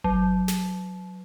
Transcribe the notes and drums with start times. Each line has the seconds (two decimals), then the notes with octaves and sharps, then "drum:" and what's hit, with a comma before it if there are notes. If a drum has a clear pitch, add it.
0.04 F#3, drum: kick G1
0.48 drum: snare